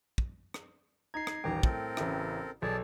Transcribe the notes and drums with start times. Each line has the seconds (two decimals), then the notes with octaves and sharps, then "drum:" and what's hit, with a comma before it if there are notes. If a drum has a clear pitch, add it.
0.18 drum: kick
0.54 drum: rim click
1.14 D#4 A#5 G#6 C7
1.27 drum: rim click
1.44 D#1 A1 D#3 G5 A#5
1.63 A2 C4 A4 A#4, drum: kick
1.97 A1 C#3 E4, drum: rim click
2.62 B1 G#4 A4 D5 A5